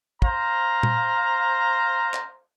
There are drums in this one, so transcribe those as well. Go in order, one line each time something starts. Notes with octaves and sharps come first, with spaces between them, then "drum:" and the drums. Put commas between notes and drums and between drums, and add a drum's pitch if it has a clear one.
C5 F5 A#5, drum: kick
drum: tom A#2
drum: clap